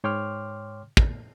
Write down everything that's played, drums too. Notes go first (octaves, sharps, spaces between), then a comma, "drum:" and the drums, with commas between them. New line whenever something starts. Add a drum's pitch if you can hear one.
G#2 C#5 G5 C6 D6 F6
drum: kick